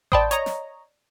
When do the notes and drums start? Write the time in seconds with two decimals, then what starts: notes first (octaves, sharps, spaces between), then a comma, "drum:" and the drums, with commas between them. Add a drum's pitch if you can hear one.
0.12 C5 D5 G5 A5 B5 D#6, drum: kick A1
0.31 C#5 D#5 A#5, drum: hi-hat
0.46 drum: snare